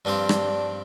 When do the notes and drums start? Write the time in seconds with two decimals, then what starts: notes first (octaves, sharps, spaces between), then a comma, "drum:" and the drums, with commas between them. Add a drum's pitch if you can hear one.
0.05 G2 F3 C4 D4 G4 C5
0.29 drum: rim click